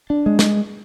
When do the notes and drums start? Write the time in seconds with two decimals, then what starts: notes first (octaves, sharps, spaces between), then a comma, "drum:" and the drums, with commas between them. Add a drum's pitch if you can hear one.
0.10 D4
0.26 G#3
0.39 drum: snare